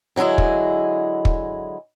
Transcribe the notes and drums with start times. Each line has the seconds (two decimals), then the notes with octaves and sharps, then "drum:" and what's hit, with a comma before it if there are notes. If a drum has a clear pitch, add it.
0.16 D3 F#3 G#3 E4 G#4
0.38 drum: kick
1.25 drum: kick